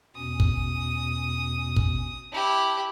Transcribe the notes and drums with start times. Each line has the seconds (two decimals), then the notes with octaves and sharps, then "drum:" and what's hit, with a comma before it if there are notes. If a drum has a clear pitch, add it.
0.16 E2 B2 C#4 D#6
0.40 drum: kick
1.76 drum: kick
2.32 E4 G4 A5